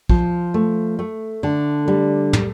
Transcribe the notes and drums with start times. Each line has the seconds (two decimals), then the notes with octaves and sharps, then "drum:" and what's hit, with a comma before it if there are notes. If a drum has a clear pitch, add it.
0.09 F3, drum: kick
0.54 A3
0.99 A3
1.43 D3
1.88 G3
2.33 drum: tom